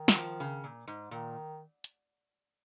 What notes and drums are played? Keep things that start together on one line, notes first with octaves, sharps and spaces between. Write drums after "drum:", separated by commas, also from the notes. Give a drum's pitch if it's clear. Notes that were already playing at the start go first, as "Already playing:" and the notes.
Already playing: D#3
F#3, drum: snare
F3
C#3
A#2
G#2
A#2 D#3
drum: hi-hat